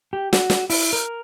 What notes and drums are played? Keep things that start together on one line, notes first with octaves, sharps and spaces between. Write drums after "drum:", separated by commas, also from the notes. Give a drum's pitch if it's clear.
G4
F#4, drum: snare
drum: snare
E4, drum: open hi-hat
A#4